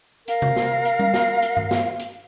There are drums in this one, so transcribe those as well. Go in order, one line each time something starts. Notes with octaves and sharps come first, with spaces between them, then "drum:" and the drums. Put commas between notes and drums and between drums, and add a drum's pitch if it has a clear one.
A#4 F5, drum: hi-hat
drum: tom C3
drum: snare
drum: hi-hat
drum: tom G3
drum: snare
drum: hi-hat
drum: tom G2
drum: snare
drum: hi-hat